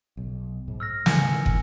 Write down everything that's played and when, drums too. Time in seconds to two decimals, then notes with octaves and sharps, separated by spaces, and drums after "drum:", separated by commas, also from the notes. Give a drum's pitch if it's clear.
0.17 B1
0.68 G#2
0.80 E6 F6 A#6
1.06 C3 F3 A3 G#5 C#7, drum: snare
1.26 D3 E3
1.46 drum: kick